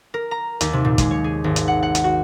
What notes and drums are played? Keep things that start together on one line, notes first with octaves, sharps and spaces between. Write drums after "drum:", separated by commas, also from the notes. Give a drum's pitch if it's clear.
A#4
A#5
D#2, drum: hi-hat
C3
A#2
G#3, drum: kick, hi-hat
C#5
G#4
G#1
drum: hi-hat
F#5
F#5
drum: hi-hat
F#4